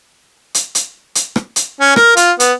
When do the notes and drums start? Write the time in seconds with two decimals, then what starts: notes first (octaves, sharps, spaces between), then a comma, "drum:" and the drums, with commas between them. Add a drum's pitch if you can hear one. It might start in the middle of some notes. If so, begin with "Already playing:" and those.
0.55 drum: hi-hat
0.75 drum: hi-hat
1.15 drum: hi-hat
1.36 drum: rim click
1.56 drum: hi-hat
1.81 C#4
1.96 A#4, drum: rim click
2.17 F4, drum: hi-hat
2.40 B3, drum: hi-hat